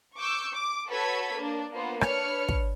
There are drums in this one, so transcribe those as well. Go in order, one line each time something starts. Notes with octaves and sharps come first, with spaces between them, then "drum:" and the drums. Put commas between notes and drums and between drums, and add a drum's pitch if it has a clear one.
C#6 D6 E6 G6
D6
F#4 A4 B4 C#5 G#6 B6
A#3 D4
A#3 B3 F4 C5
D4 B4 C#5 F6 C#7, drum: rim click
drum: kick